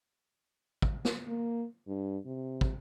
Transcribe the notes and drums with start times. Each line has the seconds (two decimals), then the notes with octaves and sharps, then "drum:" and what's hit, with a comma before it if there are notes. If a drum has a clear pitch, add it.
0.82 drum: kick
1.05 drum: snare
1.27 A#3
1.87 G2
2.26 C3
2.61 drum: kick